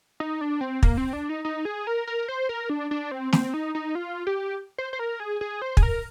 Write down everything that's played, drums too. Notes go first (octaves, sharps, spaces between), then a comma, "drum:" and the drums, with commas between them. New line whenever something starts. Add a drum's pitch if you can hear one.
D#4
D4
C4
A#3, drum: kick
C4
D4
D#4
D#4
G#4
A#4
A#4
C5
A#4
D4
D4
C4
C4, drum: snare
D#4
D#4
F4
G4
C5
C5
A#4
G#4
G#4
C5
G#4, drum: kick
A#4